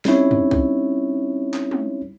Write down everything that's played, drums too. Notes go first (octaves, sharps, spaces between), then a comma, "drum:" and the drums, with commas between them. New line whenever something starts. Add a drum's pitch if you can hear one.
G3 C4 C#4 D#4 E4 C#5, drum: snare
drum: tom E2
drum: kick C2
drum: clap
drum: tom